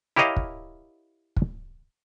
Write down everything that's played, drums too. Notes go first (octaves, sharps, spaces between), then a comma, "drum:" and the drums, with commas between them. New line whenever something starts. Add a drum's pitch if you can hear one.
E4 G4 A#4 C#5 D#5 F5
drum: kick
drum: kick